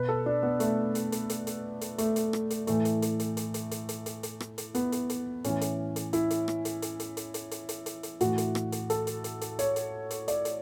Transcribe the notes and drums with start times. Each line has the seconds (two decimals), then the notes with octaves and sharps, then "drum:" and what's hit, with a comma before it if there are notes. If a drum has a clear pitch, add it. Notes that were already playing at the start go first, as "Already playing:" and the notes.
Already playing: B2 B4
0.09 A4
0.26 D4
0.43 B3
0.60 A3, drum: hi-hat
0.95 drum: hi-hat
1.12 drum: hi-hat
1.30 drum: hi-hat
1.47 drum: hi-hat
1.81 drum: hi-hat
1.98 A3, drum: hi-hat
2.16 drum: hi-hat
2.33 drum: rim click
2.50 drum: hi-hat
2.67 A2 E3 A3, drum: hi-hat
2.85 drum: hi-hat
3.02 drum: hi-hat
3.20 drum: hi-hat
3.37 drum: hi-hat
3.54 drum: hi-hat
3.71 drum: hi-hat
3.89 drum: hi-hat
4.06 drum: hi-hat
4.23 drum: hi-hat
4.40 drum: rim click
4.58 drum: hi-hat
4.75 B3, drum: hi-hat
4.92 drum: hi-hat
5.10 drum: hi-hat
5.44 A2 E3 C#4, drum: hi-hat
5.61 drum: hi-hat
5.96 drum: hi-hat
6.13 E4, drum: hi-hat
6.30 drum: hi-hat
6.48 drum: rim click
6.65 drum: hi-hat
6.82 drum: hi-hat
7.00 drum: hi-hat
7.17 drum: hi-hat
7.34 drum: hi-hat
7.51 drum: hi-hat
7.69 drum: hi-hat
7.86 drum: hi-hat
8.03 drum: hi-hat
8.21 A2 E3 F#4, drum: hi-hat
8.38 drum: hi-hat
8.55 drum: rim click
8.72 drum: hi-hat
8.90 A4, drum: hi-hat
9.07 drum: hi-hat
9.24 drum: hi-hat
9.41 drum: hi-hat
9.59 C#5, drum: hi-hat
9.76 drum: hi-hat
10.10 drum: hi-hat
10.28 D5, drum: hi-hat
10.45 drum: hi-hat